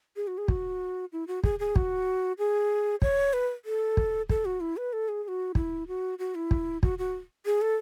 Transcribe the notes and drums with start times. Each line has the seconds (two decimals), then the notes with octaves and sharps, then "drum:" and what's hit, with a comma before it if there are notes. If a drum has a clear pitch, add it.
0.16 G#4
0.27 F#4
0.38 G#4
0.48 F#4, drum: kick
1.12 E4
1.27 F#4
1.44 G#4, drum: kick
1.59 G#4
1.76 F#4, drum: kick
2.38 G#4
3.02 C#5, drum: kick
3.33 B4
3.65 A4
3.97 drum: kick
4.29 A4, drum: kick
4.45 F#4
4.61 E4
4.77 B4
4.93 A4
5.09 G#4
5.24 G#4
5.28 F#4
5.55 E4, drum: kick
5.88 F#4
6.19 F#4
6.35 E4
6.51 drum: kick
6.83 F#4, drum: kick
6.99 F#4
7.46 G#4
7.62 A4